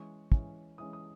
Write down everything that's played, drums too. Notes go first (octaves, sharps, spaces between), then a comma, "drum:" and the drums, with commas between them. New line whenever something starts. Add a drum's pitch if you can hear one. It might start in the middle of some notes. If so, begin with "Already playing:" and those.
Already playing: E3 G#3 C#4 C#6
E3 G#3 C#4, drum: kick
E3 G#3 C#4 D#6
D#6